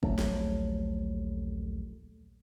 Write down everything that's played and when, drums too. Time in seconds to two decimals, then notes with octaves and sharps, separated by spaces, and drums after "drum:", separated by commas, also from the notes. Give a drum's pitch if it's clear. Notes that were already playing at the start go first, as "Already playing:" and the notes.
0.03 D#1 A#1 F#3 A3, drum: kick
0.19 drum: snare